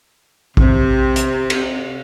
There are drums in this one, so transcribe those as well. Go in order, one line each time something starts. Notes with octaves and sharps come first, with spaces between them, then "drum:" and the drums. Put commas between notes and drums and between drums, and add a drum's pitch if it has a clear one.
C3, drum: kick A#1
drum: hi-hat
drum: cymbal